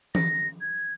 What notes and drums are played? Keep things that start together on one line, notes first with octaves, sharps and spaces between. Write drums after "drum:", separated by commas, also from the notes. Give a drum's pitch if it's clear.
A#6, drum: tom E3
G#6